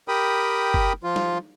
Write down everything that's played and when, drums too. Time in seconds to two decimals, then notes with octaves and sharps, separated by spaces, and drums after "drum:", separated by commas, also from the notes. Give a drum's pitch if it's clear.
0.08 G4 A#4 G5 B5 D#6
0.74 drum: kick F#1
1.03 F3 F4
1.16 drum: snare